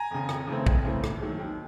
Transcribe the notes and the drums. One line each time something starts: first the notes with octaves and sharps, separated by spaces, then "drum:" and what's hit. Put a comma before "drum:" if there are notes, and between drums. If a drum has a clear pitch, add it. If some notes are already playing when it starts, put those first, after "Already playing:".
Already playing: G#5 A#5
F2 C#3
F2, drum: rim click
C#3 E3 A3 C4
F2, drum: kick
C#3 E3 A3 C4
D#2, drum: rim click
D#3 F#3 A3
D#2